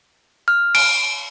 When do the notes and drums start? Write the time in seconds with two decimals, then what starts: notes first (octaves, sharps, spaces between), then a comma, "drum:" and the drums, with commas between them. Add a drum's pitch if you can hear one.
0.48 F6
0.75 D7, drum: cymbal